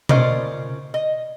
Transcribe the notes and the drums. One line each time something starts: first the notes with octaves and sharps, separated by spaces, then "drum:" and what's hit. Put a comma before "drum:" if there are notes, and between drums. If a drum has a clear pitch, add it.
C#4 F4 A#4 C5 D5 D#5, drum: tom B2
D#5